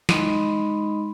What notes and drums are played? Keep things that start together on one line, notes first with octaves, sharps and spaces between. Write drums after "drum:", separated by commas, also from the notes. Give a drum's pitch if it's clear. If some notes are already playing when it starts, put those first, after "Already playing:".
G#3 D#4 D#5 B5 C6, drum: snare